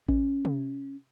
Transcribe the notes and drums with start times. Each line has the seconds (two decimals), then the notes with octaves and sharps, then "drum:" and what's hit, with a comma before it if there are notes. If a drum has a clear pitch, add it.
0.09 C#4, drum: kick A1
0.45 drum: tom C3